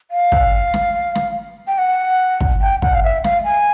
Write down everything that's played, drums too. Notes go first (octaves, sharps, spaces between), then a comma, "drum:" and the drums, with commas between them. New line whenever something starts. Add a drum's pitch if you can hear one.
F5
drum: kick
drum: snare
drum: snare
G5
F#5
drum: kick
G5
F#5, drum: kick
F5
E5
F5, drum: snare
G#5